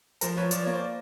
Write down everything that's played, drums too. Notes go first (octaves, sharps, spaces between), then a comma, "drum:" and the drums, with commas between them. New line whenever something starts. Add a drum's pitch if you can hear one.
F3 A#4 C5, drum: hi-hat
F3 B4 C#5
F3 D5, drum: hi-hat
A#3 C#5
C5 D5